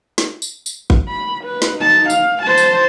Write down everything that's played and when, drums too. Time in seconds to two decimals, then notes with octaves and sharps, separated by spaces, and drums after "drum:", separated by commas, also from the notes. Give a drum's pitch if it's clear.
0.18 drum: snare
0.42 drum: tambourine
0.66 drum: tambourine
0.90 drum: kick G#1
1.08 B5
1.45 B4
1.62 drum: snare
1.78 D#4 A5
2.10 F5, drum: tambourine
2.43 C5 A5
2.58 drum: tambourine